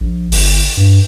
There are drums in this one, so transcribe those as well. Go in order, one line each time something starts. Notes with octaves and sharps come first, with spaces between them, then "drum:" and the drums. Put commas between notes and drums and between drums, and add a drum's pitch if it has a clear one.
A#1
G1, drum: open hi-hat
G2